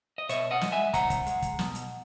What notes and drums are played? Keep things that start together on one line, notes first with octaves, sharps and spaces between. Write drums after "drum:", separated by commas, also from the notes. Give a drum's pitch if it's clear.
D#5
B2 C#5 E5, drum: hi-hat
D#5 F#5
G#3, drum: snare
E5 G#5
B2 F#5 A#5, drum: kick, hi-hat
drum: kick, hi-hat
G#3, drum: hi-hat
drum: kick, hi-hat
B2, drum: snare
drum: hi-hat